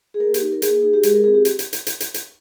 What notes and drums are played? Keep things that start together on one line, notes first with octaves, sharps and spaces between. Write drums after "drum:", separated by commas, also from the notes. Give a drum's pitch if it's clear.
G#4
A#3 A#4
G4, drum: hi-hat
D#4
A#4
A#3 G#4, drum: hi-hat
D#4 G#4
G4
G#3 G#4, drum: hi-hat
A#4
C4 F4 G#4
G4
drum: hi-hat
drum: hi-hat
drum: hi-hat
drum: hi-hat
drum: hi-hat
drum: hi-hat